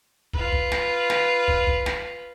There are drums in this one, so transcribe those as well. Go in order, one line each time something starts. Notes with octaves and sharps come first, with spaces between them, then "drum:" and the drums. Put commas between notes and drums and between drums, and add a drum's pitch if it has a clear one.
F4 B4, drum: kick
drum: kick
drum: snare
drum: snare
drum: kick
drum: kick
drum: snare